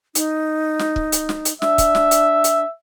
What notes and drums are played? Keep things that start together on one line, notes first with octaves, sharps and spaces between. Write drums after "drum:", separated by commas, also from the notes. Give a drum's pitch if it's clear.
D#4, drum: hi-hat
drum: snare
drum: kick
drum: hi-hat
drum: snare
drum: hi-hat
D4 E5, drum: snare
drum: kick, hi-hat
drum: snare
drum: hi-hat
drum: hi-hat